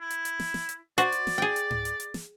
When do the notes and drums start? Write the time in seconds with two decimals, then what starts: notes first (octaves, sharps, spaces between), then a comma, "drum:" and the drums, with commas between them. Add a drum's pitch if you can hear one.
0.01 E4
0.10 drum: hi-hat
0.25 drum: hi-hat
0.40 drum: snare
0.54 drum: snare
0.69 drum: hi-hat
0.98 F#4 C5 D5, drum: hi-hat
1.12 drum: hi-hat
1.27 drum: snare
1.38 G#4 G5
1.56 drum: hi-hat
1.71 drum: tom G#2
1.85 drum: hi-hat
2.00 drum: hi-hat
2.14 drum: snare